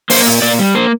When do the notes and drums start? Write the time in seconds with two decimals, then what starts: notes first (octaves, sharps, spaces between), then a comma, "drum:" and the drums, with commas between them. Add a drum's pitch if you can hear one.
0.10 A#3 C5, drum: open hi-hat
0.26 A#2
0.42 A#2 D5
0.59 G3
0.75 A#3 C5